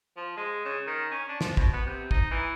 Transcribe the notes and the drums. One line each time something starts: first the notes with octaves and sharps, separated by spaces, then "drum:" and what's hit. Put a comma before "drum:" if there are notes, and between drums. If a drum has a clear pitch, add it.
F3
G#3
C#3
D#3
C#4
D4
F3, drum: snare
B2, drum: kick
B3
C3
D#4, drum: kick
E3